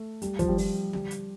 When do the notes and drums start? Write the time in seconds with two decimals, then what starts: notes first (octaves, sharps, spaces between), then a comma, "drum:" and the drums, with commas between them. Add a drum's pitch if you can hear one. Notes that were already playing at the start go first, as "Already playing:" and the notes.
Already playing: A3
0.22 G3, drum: hi-hat
0.39 F3, drum: kick, hi-hat
0.48 G3
0.58 F3, drum: open hi-hat
0.93 G3, drum: tom D3
1.11 drum: hi-hat